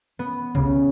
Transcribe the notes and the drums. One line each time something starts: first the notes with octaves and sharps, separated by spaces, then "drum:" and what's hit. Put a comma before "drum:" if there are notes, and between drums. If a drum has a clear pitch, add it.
B3
C#3, drum: kick C2